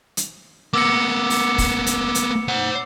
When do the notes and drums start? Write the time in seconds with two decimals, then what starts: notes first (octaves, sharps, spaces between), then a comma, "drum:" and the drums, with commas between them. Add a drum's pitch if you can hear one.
0.17 drum: hi-hat
0.74 A#3 B3 D6 E6 C#7
1.30 drum: open hi-hat
1.58 drum: kick, open hi-hat
1.86 drum: hi-hat
2.15 drum: hi-hat
2.48 C5 F#5